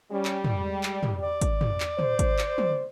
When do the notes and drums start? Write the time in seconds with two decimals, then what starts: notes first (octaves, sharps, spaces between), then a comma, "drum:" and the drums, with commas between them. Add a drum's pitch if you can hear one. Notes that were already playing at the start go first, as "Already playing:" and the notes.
0.12 G3 C#4
0.25 drum: clap
0.44 drum: tom
0.55 G#3
0.83 drum: clap
1.03 drum: tom
1.22 D5
1.41 drum: kick G#1, hi-hat
1.61 drum: tom
1.80 drum: clap
1.99 C5, drum: tom
2.19 drum: kick G#1, hi-hat
2.39 drum: clap
2.58 drum: tom